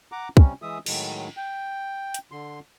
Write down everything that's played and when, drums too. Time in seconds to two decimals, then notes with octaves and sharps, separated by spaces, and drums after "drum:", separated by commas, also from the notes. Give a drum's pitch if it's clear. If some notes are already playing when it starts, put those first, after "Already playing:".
0.12 F#5 A#5 D6
0.37 C3 G3 C#4, drum: kick
0.62 E3 G#3 E5 D#6
0.86 A2 D#3 F#3 G#3, drum: cymbal
1.37 G5
2.14 drum: hi-hat
2.32 D3 C6